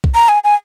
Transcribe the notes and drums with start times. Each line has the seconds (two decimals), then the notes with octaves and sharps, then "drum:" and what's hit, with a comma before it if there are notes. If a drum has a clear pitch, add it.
0.04 drum: kick B1
0.15 A#5
0.29 G#5
0.44 G#5